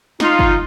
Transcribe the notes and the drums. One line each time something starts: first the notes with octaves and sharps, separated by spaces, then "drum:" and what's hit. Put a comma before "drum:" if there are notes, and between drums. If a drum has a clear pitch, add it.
D#4 F4, drum: snare
drum: kick